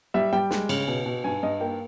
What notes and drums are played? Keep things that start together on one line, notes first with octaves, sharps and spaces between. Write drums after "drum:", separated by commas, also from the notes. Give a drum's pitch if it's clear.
G3 E5
G3 G5
G#3, drum: snare
C#3, drum: cymbal
B2
B2
G2 G#5
G2 D#5
A#3 G5